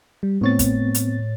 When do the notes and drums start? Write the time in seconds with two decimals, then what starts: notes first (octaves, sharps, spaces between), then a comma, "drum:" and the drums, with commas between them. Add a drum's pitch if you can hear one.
0.23 G3
0.41 A2 B3 C4 C#5 A6
0.59 drum: kick, hi-hat
0.94 drum: hi-hat